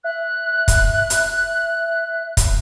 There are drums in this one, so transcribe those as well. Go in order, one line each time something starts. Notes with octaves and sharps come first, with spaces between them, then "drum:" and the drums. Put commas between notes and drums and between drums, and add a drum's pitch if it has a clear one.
E5 F#6
drum: kick, hi-hat
drum: hi-hat
drum: kick, hi-hat